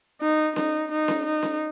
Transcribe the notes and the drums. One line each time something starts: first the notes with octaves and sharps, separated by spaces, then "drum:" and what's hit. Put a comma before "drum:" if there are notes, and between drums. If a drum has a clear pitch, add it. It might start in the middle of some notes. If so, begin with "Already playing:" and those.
D#4
D#4, drum: snare C#4
D#4
drum: snare C#4
D#4
drum: snare C#4